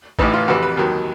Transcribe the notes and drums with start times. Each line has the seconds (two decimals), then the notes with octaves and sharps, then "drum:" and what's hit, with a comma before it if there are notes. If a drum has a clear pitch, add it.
0.19 A1 A2 E3 D#4, drum: kick
0.33 F4
0.48 F2 C3 E3 F#4
0.63 B4
0.77 D#2 D#3 F#3